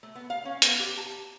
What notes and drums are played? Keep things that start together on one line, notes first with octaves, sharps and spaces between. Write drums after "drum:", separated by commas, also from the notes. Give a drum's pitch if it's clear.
A3
B3
F5
C#4
B3, drum: hi-hat
G4
A5